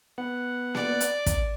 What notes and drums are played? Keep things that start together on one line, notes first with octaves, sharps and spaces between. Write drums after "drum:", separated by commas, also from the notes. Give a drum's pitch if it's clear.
B3 F#5
D5, drum: snare A#3
drum: hi-hat
drum: kick, hi-hat